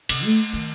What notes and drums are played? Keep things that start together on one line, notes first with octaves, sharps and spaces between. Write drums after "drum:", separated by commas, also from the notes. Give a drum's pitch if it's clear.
C3, drum: cymbal
A3
D#3